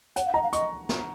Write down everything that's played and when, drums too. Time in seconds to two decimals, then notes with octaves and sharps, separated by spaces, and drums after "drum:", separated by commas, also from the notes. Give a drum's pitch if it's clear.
0.16 C#5 F#5, drum: hi-hat
0.26 F5
0.34 D#5 A#5
0.43 F5
0.53 D#5 C#6, drum: hi-hat
0.89 drum: snare